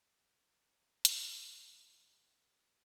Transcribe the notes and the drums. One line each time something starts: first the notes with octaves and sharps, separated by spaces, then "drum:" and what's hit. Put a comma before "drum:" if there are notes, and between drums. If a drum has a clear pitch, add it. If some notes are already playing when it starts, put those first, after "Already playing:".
F2 A#2 A#3 B4 A#5
drum: hi-hat